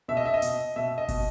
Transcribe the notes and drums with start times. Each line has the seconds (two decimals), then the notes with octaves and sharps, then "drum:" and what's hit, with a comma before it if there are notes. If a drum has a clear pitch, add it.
0.08 B2 E5
0.17 D#5
0.26 E5
0.34 D#5
0.42 B2, drum: hi-hat
0.76 B2 E5
0.98 D#5
1.09 B2, drum: kick, open hi-hat